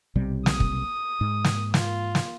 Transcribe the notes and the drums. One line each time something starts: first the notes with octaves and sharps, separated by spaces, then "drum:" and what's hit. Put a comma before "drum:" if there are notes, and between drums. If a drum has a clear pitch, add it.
B1 C3 G3
D#6, drum: snare
drum: kick
G#2
drum: snare
F4, drum: snare
drum: snare